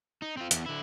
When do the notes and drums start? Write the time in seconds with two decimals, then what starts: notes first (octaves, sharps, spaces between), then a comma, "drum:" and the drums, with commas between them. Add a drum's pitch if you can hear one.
0.22 D#4
0.37 C4 F4
0.51 E2, drum: hi-hat
0.66 D3 E4